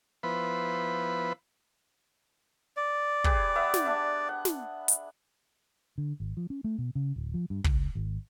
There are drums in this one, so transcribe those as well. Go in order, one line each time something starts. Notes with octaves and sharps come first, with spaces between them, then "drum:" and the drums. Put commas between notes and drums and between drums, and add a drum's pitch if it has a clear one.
F3 B3 E4 B4 C5 B5
D5
G4 G#4 B4, drum: kick
B3 E5 D#6
drum: snare
D4 E5
F#5
drum: snare
drum: hi-hat
D3
G#1
F3
C#4
A3
B2
C#3
D1
F3
G2
C#2, drum: kick
G#1